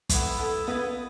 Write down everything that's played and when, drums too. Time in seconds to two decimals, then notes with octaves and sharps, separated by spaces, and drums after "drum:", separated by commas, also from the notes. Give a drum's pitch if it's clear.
0.09 B3 E4 A4, drum: kick, hi-hat
0.38 B3 E4 A4
0.67 B3 E4 B4 D#5